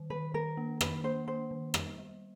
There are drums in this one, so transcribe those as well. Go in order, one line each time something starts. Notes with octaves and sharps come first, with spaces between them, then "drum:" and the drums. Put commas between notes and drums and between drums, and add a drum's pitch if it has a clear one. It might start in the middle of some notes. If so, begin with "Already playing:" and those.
Already playing: D#3
D#3 B4
D#3 A#4
A#3
D#3 B4, drum: rim click
A#3 C5
A#3 C5
D#3
G3, drum: rim click
G3